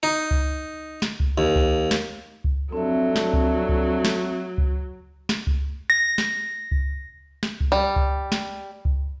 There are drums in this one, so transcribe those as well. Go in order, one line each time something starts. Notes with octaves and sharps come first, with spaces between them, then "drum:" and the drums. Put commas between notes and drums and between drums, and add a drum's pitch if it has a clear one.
D#4
drum: kick C#2
drum: snare
drum: kick C#2
D#2
drum: kick C#2
drum: snare
drum: kick C#2
F2 F#3 C4 D4 A4 E5
drum: snare
drum: kick C#2
drum: kick C#2
drum: snare
drum: kick C#2
drum: snare
drum: kick C#2
A#6
drum: snare
drum: kick C#2
drum: snare
drum: kick C#2
G3
drum: kick C#2
drum: snare
drum: kick C#2